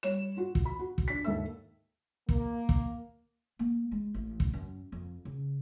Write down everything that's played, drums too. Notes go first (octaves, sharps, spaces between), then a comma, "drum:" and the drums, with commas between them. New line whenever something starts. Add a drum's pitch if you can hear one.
G3 C#5 E7
F4 F#4
drum: kick
B5
F#4
drum: kick
D4 B6
D#2 G#2 A4 E5 E6
A#3, drum: kick
drum: kick
A#3
G#3
A1
drum: kick
F#2
F2
C#3